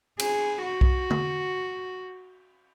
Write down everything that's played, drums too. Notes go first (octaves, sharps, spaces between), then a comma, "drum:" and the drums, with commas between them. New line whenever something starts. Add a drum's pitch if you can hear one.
G#4, drum: cymbal
F#4
drum: kick B1
drum: tom